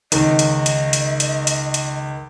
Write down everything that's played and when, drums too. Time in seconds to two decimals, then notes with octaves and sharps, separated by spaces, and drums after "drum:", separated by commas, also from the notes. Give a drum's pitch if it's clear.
0.12 C#2 D#3 D#5, drum: hi-hat
0.39 drum: hi-hat
0.66 drum: hi-hat
0.93 drum: hi-hat
1.20 drum: hi-hat
1.47 drum: hi-hat
1.74 drum: hi-hat